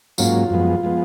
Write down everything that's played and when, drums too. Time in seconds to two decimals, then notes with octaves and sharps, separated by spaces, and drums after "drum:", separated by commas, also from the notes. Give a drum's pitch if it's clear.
0.18 G#2 F#3 A#3 C#4 F4, drum: tambourine
0.50 F#2 F3 G#3 B3
0.83 F3 G#3 B3